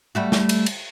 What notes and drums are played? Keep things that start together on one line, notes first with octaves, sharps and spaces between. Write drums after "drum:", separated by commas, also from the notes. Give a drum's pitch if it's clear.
G3 A3 F#4
drum: snare
drum: cymbal
drum: cymbal